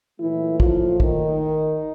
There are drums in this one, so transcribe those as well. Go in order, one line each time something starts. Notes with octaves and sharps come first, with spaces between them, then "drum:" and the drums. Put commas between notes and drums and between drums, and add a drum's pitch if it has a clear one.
A#2 E3 F#3 A3 E4
F3 F4, drum: kick
D#3 D#4, drum: kick